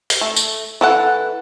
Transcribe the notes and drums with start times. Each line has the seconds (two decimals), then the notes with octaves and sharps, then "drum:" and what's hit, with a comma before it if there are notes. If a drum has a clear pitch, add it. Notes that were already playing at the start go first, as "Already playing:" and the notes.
0.10 drum: open hi-hat
0.21 A3
0.36 drum: tambourine
0.81 E3 A4 F#5